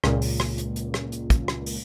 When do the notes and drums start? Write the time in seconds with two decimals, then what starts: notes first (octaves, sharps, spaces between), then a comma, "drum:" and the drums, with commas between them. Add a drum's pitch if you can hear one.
0.04 C#2 A#2, drum: rim click
0.22 drum: open hi-hat
0.40 drum: rim click
0.58 drum: hi-hat
0.76 drum: hi-hat
0.94 drum: rim click
1.12 drum: hi-hat
1.30 drum: kick, hi-hat
1.48 drum: rim click
1.66 drum: open hi-hat